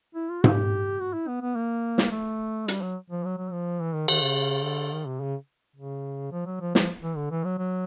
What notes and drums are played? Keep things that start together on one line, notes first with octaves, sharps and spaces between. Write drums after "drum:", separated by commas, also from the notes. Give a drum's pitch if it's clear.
E4
F4
G4, drum: tom G#2
F#4
E4
B3
B3
A#3
drum: snare
A3
G3, drum: hi-hat
F#3
F3
F#3
F#3
F3
E3
D#3
D#3, drum: cymbal
C#3
D3
D#3
C3
C#3
C#3
F3
F#3
F3
F3, drum: snare
E3
D3
E3
F#3
F#3